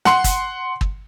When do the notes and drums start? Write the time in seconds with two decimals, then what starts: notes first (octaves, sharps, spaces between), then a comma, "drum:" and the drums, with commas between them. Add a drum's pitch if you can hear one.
0.05 F#5 C6, drum: snare
0.24 drum: kick, hi-hat
0.81 drum: kick